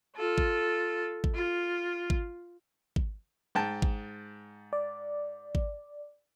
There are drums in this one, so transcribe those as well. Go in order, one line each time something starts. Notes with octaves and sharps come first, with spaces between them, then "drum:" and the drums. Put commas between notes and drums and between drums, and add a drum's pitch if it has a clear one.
F4 A4
drum: kick G#1
drum: kick G#1
F4
drum: kick G#1
drum: kick G#1
G#2 G5 A5
drum: kick G#1
D5
drum: kick G#1